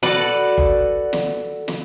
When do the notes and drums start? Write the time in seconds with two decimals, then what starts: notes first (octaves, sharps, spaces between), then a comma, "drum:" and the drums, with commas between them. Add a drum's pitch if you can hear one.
0.03 F#4 A4 B4 D5, drum: snare
0.58 drum: kick G1
1.13 drum: snare
1.68 drum: snare